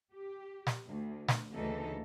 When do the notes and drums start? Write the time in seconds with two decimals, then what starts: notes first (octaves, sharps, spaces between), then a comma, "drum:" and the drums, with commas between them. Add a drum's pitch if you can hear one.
0.13 G4
0.67 drum: snare
0.87 D2
1.28 drum: snare
1.54 D2 C#3 E3 A#3 D#4 A4